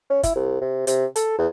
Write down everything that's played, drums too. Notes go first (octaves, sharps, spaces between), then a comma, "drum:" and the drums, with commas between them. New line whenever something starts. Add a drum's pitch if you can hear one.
C#4
E4, drum: kick, hi-hat
C2
C3
C3, drum: hi-hat
A4, drum: hi-hat
E2